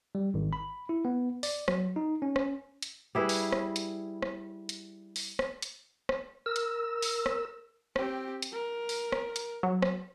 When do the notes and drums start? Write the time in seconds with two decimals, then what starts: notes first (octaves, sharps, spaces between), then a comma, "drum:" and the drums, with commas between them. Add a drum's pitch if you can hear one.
0.15 G3
0.34 G#1
0.53 B5
0.89 E4
1.05 B3
1.43 D5, drum: open hi-hat
1.68 F#3, drum: rim click
1.96 D#4
2.22 C#4
2.36 drum: rim click
2.82 drum: hi-hat
3.15 G3 E4 G#4 B4
3.29 drum: open hi-hat
3.52 drum: rim click
3.76 drum: hi-hat
4.22 drum: rim click
4.69 drum: hi-hat
5.16 drum: open hi-hat
5.39 drum: rim click
5.62 drum: hi-hat
6.09 drum: rim click
6.46 A#4 E6
6.56 drum: hi-hat
7.02 drum: open hi-hat
7.26 drum: rim click
7.96 C4 G4, drum: rim click
8.42 drum: hi-hat
8.52 A#4
8.89 drum: open hi-hat
9.12 drum: rim click
9.36 drum: hi-hat
9.63 F#3
9.82 drum: rim click